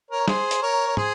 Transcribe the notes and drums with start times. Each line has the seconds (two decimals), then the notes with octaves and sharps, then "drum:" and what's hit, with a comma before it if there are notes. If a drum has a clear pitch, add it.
0.10 A#4 C#5
0.28 G#4 C5, drum: snare
0.51 drum: hi-hat
0.62 A#4 C#5
0.87 C#5
0.97 G#4 C5, drum: tom